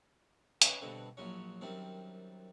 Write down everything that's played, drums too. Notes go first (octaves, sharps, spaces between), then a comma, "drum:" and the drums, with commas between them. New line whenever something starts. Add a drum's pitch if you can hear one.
C#4 D#4 G#4 B4, drum: hi-hat
G2 B2 D3 C4
A#1 F#3 C#4
F#2 D#3 G3 C4